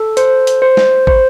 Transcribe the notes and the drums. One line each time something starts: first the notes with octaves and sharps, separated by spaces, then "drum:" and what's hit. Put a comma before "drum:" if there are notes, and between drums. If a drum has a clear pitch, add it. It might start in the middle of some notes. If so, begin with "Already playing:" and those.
Already playing: A4
C5, drum: hi-hat
drum: hi-hat
C5
drum: snare
C5, drum: kick